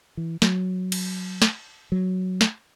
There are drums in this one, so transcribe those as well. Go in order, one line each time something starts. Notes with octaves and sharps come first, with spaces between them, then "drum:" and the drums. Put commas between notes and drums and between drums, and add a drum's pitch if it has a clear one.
E3
F#3, drum: snare
drum: cymbal
drum: snare
F#3
drum: snare